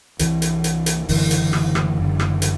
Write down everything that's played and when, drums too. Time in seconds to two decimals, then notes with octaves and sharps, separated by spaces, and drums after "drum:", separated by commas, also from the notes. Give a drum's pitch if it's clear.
0.19 C2 C3 E3, drum: hi-hat
0.42 drum: hi-hat
0.64 drum: hi-hat
0.86 drum: hi-hat
1.09 F#1 F#2 D3 E3, drum: open hi-hat
1.31 drum: hi-hat
1.53 drum: rim click
1.75 drum: rim click
1.97 F#1 F#2 D3
2.19 drum: rim click
2.42 drum: hi-hat